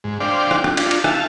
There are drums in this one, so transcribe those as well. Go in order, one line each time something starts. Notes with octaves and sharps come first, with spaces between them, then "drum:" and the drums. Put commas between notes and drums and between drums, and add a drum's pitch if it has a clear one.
G#2
D4 C5 D5 F5 G5
drum: rim click
drum: rim click
D4 F4, drum: cymbal
drum: cymbal
E5 F5 A5, drum: rim click